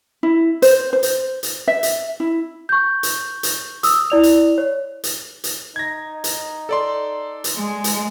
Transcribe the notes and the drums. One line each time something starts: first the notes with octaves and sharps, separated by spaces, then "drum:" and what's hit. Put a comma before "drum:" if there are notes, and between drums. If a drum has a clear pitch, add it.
E4
C5, drum: hi-hat
C5
drum: hi-hat
drum: hi-hat
E5
drum: hi-hat
E4
C#6 G6
drum: hi-hat
drum: hi-hat
D#6 E6, drum: hi-hat
E4 D5 F7
drum: hi-hat
C#5
drum: hi-hat
drum: hi-hat
D#4 G#6 A#6
drum: hi-hat
A4 D5 C6
drum: hi-hat
G#3 G#5
drum: hi-hat